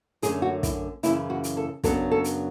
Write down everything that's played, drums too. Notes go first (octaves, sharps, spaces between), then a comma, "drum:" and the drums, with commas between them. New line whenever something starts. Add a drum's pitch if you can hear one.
F#2 D3 A3 C#4 G#4, drum: hi-hat
F#4
E4, drum: kick, hi-hat
F#2 C#3 E3 E4, drum: hi-hat
F#4
drum: hi-hat
A4
F#2 C#3 F#3 B3 D4 A4, drum: kick, hi-hat
A4
drum: hi-hat